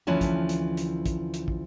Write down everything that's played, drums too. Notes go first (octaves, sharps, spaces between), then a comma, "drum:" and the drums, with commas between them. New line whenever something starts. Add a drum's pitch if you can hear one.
D2 E3 F3 C#4 E4 A5
drum: kick, hi-hat
drum: hi-hat
drum: hi-hat
drum: kick, hi-hat
drum: hi-hat
drum: kick